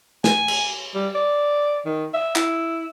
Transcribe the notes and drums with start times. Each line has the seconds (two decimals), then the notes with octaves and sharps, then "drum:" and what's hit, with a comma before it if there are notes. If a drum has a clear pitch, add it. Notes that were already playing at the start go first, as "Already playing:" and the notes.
0.24 G#5, drum: snare
0.48 drum: cymbal
0.95 G3
1.15 D5
1.85 D#3
2.14 E5
2.36 E4, drum: clap